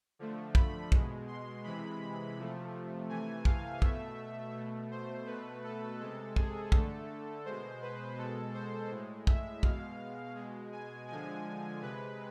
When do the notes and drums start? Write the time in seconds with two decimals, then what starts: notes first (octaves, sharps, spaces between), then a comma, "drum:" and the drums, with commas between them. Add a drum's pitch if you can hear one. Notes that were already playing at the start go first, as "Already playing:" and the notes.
0.19 D3 F3 A3
0.55 B5, drum: kick
0.92 B2 G#3, drum: kick
1.27 C6
1.64 C3 E3 G#3 B5
2.37 C3 F3 A3
3.09 C3 E3 A3 G#5
3.45 F5, drum: kick
3.82 B2 A3 E5, drum: kick
4.54 B2 A3
4.91 C5
5.27 B2 A3 B4
5.64 A4
6.00 C3 G#3 A4
6.36 G#4, drum: kick
6.72 D3 A3 A4, drum: kick
7.45 B2 G#3 C5
7.82 B4
8.18 B2 G#3 A4
8.54 C5
8.90 A2 G#3
9.27 E5, drum: kick
9.63 B2 G#3 F5, drum: kick
10.35 B2 G#3
10.72 G#5
11.08 D3 F3 G#3 G#5
11.81 C3 G#3 B4